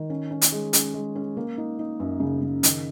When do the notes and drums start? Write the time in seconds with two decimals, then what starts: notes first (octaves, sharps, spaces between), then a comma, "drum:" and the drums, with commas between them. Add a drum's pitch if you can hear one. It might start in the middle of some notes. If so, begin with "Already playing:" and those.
Already playing: D#3
0.10 C#4
0.31 C#4
0.42 drum: hi-hat
0.52 G#3
0.73 C#4, drum: hi-hat
0.94 G#3
1.15 C#4
1.37 A#3
1.58 D#4
1.79 D#4
2.00 F#2
2.20 C#3
2.41 C#3
2.63 D#3, drum: hi-hat